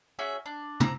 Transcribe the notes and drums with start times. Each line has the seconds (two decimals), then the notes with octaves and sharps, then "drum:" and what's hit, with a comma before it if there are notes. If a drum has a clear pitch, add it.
0.19 C#4 F#4 G#4 E5
0.46 D4
0.80 C4 A#5, drum: tom